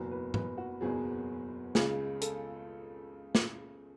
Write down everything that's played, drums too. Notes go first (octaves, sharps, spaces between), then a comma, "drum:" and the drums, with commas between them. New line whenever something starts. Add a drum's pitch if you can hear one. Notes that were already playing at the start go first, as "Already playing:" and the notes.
Already playing: F#1 E2 B2 F#3
B4
B4, drum: tom G#2
F#4
F#1 E2 B2 F#3 G#4
C#2 C#3 G#3 G#4, drum: snare
A4, drum: hi-hat
drum: snare